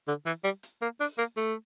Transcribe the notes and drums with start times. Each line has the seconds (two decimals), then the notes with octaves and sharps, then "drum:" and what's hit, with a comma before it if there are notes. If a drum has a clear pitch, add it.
0.08 D3
0.26 E3, drum: hi-hat
0.44 G3, drum: hi-hat
0.63 drum: hi-hat
0.82 A#3
1.00 D4, drum: open hi-hat
1.18 A#3, drum: hi-hat
1.37 A3, drum: hi-hat